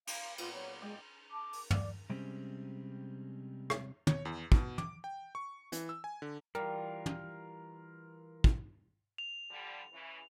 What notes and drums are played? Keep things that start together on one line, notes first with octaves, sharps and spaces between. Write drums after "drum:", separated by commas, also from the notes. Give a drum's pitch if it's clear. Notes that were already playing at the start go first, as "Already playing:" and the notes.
G4 F5 A#5, drum: cymbal
A#2 B3 F4 D6, drum: cymbal
F#3 C#5
G#3 D5 D#5 G5
A5 D6
drum: open hi-hat
D5 D6, drum: tom
C3 G3 G#3 C4 C#4 G4
drum: rim click
C#5, drum: tom
E2
B2, drum: kick
D6, drum: tom
G5
C#6
E3, drum: hi-hat
E6
G#5
D3
E3 G3 F4 A#4
drum: tom
drum: kick
F7
D3 F3 G3
C#3 E3